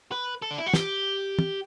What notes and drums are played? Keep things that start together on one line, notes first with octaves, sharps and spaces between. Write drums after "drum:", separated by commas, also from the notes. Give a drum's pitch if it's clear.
B4
A4
D4
E4
F#4
G4, drum: snare
drum: tom